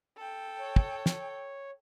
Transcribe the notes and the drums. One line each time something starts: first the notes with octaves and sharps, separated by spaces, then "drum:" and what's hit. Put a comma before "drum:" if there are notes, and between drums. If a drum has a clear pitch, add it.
A4 G5
C#5
drum: kick
drum: snare